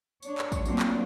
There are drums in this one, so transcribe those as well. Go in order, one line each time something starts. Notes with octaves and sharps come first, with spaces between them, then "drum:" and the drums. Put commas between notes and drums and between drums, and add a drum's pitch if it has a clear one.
D4 C#5, drum: tambourine
drum: clap
drum: kick, tambourine
F#3 A3 A#3 C4 D4 F4, drum: tambourine
drum: clap